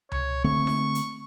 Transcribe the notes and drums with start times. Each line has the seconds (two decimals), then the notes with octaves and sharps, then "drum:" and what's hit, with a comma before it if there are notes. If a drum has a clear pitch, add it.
0.12 C#5, drum: tom C#2
0.44 D3 A3 C4 C#6
0.67 drum: snare D#4
0.95 drum: hi-hat